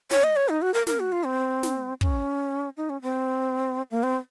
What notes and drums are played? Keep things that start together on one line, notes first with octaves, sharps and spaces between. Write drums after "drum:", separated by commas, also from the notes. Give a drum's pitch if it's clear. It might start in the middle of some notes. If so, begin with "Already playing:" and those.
C#5, drum: snare
D#5
C#5
D#4
F#4
A#4
A#4, drum: snare
F#4
F4
C4
drum: snare
C#4, drum: kick
D#4
C#4
C4
A#3
C4